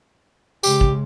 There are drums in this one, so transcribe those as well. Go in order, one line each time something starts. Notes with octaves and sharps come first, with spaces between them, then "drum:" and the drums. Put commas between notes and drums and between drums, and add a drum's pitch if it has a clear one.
C#3 G#3 G4, drum: tambourine
drum: kick